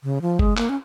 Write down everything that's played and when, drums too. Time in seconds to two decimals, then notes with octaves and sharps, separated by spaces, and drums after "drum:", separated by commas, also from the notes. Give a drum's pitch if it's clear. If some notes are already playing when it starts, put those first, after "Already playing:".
0.03 C#3
0.22 F3
0.39 G#3, drum: kick
0.57 A#3, drum: clap
0.69 C#4